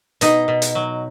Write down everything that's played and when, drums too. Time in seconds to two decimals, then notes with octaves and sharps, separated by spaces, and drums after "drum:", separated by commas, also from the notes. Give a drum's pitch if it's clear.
0.21 B2 D#4, drum: hi-hat
0.48 B2
0.62 drum: hi-hat
0.75 F#3